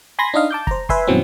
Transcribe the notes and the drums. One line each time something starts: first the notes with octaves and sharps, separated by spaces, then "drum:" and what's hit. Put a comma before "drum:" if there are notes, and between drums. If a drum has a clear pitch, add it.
G#5 B5 C6 G#6 A#6
D4 D#4 D#5 F5
A5 D6 G6
C5 A#5, drum: kick
B4 E5 G#5 C6, drum: kick
G2 B2 E3 F#3 C4 C#4